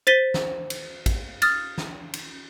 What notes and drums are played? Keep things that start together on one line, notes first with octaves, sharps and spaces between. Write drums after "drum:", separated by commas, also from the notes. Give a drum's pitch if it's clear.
C5 A6 B6 D#7 G7
drum: snare
drum: cymbal
drum: kick A1, cymbal
D#6 F6 A6, drum: cymbal
drum: snare
drum: cymbal